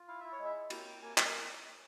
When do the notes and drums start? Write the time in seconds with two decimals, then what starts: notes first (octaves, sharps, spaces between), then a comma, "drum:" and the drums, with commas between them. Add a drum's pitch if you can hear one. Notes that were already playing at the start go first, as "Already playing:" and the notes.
Already playing: F4
0.08 E4 F5
0.20 E4 E5
0.32 C#5
0.39 G#3
0.44 E5
0.55 E4
0.70 A#3 G5, drum: cymbal
0.86 A#3
1.02 A#3 G#5
1.18 A#3 G#5, drum: clap